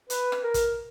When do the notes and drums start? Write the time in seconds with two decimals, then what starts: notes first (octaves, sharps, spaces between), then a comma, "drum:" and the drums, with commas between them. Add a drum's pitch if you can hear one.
0.10 B4, drum: hi-hat
0.32 drum: rim click
0.43 A#4
0.54 drum: kick, hi-hat